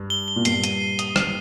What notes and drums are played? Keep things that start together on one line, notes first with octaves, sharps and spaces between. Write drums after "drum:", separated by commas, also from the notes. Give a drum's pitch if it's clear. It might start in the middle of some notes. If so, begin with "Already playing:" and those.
Already playing: G2
G7
G7
A#2
G2 C7, drum: hi-hat
D#7, drum: hi-hat
D#7
D#6, drum: hi-hat
C7, drum: rim click